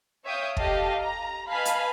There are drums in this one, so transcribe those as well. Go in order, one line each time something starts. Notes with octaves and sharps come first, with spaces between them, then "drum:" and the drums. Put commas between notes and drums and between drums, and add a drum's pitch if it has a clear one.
C#5 E5 F5 G5 D#6
G4 A4 D#5 F5 A5, drum: kick
A#5
B4 D#5 F5 G#5 A5 B5
drum: hi-hat